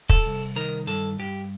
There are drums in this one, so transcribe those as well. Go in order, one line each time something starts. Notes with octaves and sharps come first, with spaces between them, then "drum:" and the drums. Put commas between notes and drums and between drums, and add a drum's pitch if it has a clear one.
A4, drum: kick
C2
D#3 A#4
G2 A4
G2 G4